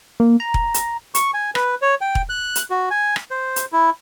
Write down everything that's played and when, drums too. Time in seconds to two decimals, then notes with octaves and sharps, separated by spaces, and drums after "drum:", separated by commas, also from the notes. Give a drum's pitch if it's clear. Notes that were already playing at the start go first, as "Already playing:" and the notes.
0.20 A#3
0.40 A#5
0.54 drum: kick E1
0.74 drum: hi-hat
1.15 C#6, drum: hi-hat
1.34 G#5
1.55 B4, drum: rim click
1.82 C#5
2.01 G5
2.15 drum: kick E1
2.29 F#6
2.55 drum: hi-hat
2.70 F#4
2.91 G#5
3.16 drum: rim click
3.31 C5
3.56 drum: hi-hat
3.73 E4